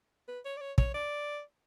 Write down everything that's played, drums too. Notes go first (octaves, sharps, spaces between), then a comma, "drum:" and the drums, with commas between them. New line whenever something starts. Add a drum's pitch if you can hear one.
B4
C#5
D5
C#5
C#5, drum: kick
D5